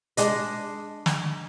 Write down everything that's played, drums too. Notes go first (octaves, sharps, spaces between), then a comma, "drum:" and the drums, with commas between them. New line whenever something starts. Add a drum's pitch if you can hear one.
G#3 D4 D#5, drum: hi-hat
drum: snare